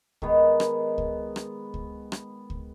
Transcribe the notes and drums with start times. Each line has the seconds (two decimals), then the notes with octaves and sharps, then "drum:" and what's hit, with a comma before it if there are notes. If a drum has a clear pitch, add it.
0.22 D#3 G#3 B3, drum: kick C#2
0.60 drum: rim click
0.98 drum: kick C#2
1.36 drum: rim click
1.74 drum: kick C#2
2.12 drum: rim click
2.50 drum: kick C#2